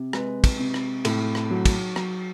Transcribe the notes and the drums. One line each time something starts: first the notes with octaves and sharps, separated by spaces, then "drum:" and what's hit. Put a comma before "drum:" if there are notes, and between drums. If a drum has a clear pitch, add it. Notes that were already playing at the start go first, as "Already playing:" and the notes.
Already playing: C3
G#3 B4, drum: rim click
drum: kick, cymbal
C3
drum: rim click
A2, drum: cymbal
drum: rim click
F#3
drum: kick, cymbal
F#3, drum: rim click